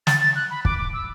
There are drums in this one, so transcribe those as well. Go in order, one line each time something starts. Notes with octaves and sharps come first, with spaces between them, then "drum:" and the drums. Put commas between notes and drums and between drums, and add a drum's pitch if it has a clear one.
A6, drum: snare
A6
F#6
B5
D6, drum: kick
D6
E6